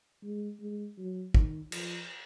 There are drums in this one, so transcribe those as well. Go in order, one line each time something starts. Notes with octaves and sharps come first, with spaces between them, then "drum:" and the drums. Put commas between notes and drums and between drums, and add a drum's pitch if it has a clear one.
G#3
G#3
F#3
D#3, drum: kick
F3, drum: cymbal